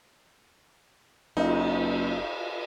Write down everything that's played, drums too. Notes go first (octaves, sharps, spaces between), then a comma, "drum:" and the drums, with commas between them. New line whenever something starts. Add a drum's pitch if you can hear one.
F#1 D#4, drum: cymbal